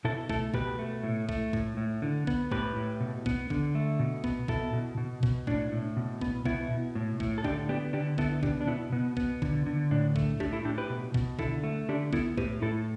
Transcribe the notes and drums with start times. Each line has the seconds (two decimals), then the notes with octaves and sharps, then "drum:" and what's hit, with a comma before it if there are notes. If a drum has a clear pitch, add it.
0.05 B2 E4 A4
0.29 A3 E4 A4, drum: kick
0.54 B2 G4 B4, drum: kick
0.79 A3
1.03 A2
1.29 A3, drum: kick
1.53 A2, drum: kick
1.77 A2
2.02 D3
2.27 B3, drum: kick
2.51 A2 G4 B4, drum: kick
2.76 A2
3.00 B2
3.26 B3, drum: kick
3.50 D3, drum: kick
3.75 A3
4.00 B2
4.24 B3, drum: kick
4.48 B2 E4 A4, drum: kick
4.73 B2
4.98 B2
5.23 B2, drum: kick
5.47 A2 D4, drum: kick
5.72 A2
5.97 B2
6.21 B3, drum: kick
6.45 B2 B3 E4, drum: kick
6.71 B2
6.95 A2
7.20 A2, drum: kick
7.38 A4
7.44 D3 D4 G4, drum: kick
7.69 B3 D4 G4
7.93 D3 D4 G4
8.18 B3 E4 A4, drum: kick
8.43 B2 D4 G4, drum: kick
8.61 D4
8.67 B2 B3 E4
8.92 B2 B3
9.17 B3, drum: kick
9.42 D3, drum: kick
9.66 D3
9.91 A2 D4
10.16 A3, drum: kick
10.40 A2 D4 G4, drum: kick
10.53 E4 A4
10.65 A2 D4 G4
10.78 G4 B4
10.90 B2
11.14 B2, drum: kick
11.39 D3 E4 A4, drum: kick
11.64 A3
11.89 D3 D4 G4
12.13 B3 E4 A4, drum: kick
12.38 A2 G4 B4, drum: kick
12.62 A2 E4 A4